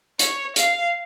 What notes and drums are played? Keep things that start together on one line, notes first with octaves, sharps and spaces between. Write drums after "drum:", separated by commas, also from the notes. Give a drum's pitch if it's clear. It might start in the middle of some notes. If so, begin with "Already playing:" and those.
C#5, drum: hi-hat
F5, drum: hi-hat